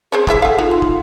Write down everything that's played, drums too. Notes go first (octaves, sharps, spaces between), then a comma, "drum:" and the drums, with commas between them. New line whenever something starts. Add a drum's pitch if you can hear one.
C4 C#4 G#4 C#5
G3 E4 G#4 E5, drum: kick
G#4 A4 F5 F#5 G#5
D#4 F4 F#4
C6
drum: kick